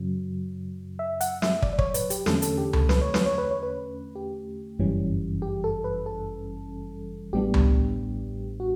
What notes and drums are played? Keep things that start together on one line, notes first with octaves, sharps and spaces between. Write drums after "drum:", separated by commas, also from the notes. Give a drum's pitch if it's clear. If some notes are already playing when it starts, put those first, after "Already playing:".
Already playing: F#2 C#3 F#3
E5
F#5, drum: hi-hat
E5, drum: snare
D5, drum: kick
D5
C#5, drum: kick
B4, drum: hi-hat
G4, drum: hi-hat
E2 D3 A3 C#4 A4, drum: snare
A4, drum: hi-hat
G4
A4, drum: tom C#2
B4, drum: snare
C#5
B4, drum: snare
C#5
B4
C#5
B4
G4
G1 F#2 E3 G3 C#4
G4
A4
B4
A4
A1 A2 G3 B3 D4 G4
drum: tom C#2
F#4